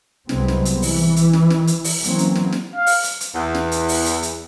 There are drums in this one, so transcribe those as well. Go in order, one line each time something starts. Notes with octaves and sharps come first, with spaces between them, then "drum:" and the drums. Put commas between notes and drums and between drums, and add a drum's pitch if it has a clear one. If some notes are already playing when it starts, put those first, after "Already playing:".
C2 C3 F#3 G#3 B3 C4, drum: snare
drum: snare
drum: hi-hat
E3, drum: open hi-hat
drum: hi-hat
drum: snare
drum: snare
drum: hi-hat
drum: open hi-hat
E3 F#3 A#3 C4 C#4, drum: hi-hat
drum: hi-hat
drum: snare
drum: snare
F5
drum: open hi-hat
drum: hi-hat
drum: hi-hat
E2
drum: snare
drum: hi-hat
drum: open hi-hat
drum: hi-hat
drum: hi-hat